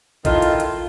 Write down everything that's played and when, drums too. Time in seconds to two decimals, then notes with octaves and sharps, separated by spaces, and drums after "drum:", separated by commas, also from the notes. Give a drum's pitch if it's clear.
0.25 D#3 E4 F4 A4 D#5, drum: kick A#1, hi-hat
0.42 drum: hi-hat
0.60 drum: hi-hat